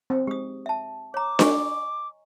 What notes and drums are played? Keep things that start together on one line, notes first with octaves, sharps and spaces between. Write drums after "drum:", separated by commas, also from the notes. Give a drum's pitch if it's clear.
C4
G#3 G4 D#6
E5 A5
C#5 A#5 D6
D#5 G#5 C#6, drum: snare D4